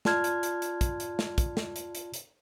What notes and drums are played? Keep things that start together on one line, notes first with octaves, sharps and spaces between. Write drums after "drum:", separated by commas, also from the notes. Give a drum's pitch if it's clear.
F4 D5 A5 C6 F6 G#6, drum: snare
drum: hi-hat
drum: hi-hat
drum: hi-hat
drum: kick, hi-hat
drum: hi-hat
drum: snare
drum: kick, hi-hat
drum: snare
drum: hi-hat
drum: hi-hat
drum: hi-hat